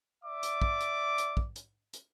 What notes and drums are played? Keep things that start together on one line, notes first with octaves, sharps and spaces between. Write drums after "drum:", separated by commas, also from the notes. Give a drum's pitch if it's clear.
D5 E5 D6
drum: hi-hat
drum: kick
drum: hi-hat
drum: hi-hat
drum: kick
drum: hi-hat
drum: hi-hat